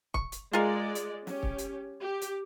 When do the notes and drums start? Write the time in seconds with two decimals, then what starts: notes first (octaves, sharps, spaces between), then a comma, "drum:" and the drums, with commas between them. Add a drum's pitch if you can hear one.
0.14 C#6, drum: kick
0.32 drum: hi-hat
0.53 G#3 F4 G#4 A#4 D5
0.95 drum: hi-hat
1.27 C#4 G4, drum: snare
1.43 drum: kick
1.58 drum: hi-hat
2.02 G4
2.22 drum: hi-hat